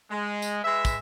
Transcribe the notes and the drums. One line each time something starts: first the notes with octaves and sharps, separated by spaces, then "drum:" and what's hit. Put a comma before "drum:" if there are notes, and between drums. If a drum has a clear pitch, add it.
G#3
drum: tambourine
G#3 B4 E5
drum: kick, tambourine